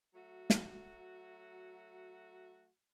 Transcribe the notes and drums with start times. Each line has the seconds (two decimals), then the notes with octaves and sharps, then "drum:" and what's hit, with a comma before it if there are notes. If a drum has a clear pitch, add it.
0.14 F#3 A3 F#4
0.50 drum: snare